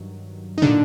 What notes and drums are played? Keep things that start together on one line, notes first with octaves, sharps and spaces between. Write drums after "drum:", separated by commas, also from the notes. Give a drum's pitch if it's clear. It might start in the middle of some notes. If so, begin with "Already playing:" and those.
Already playing: G2 D#3 F#3
D#4
A#2 D3 D4, drum: tom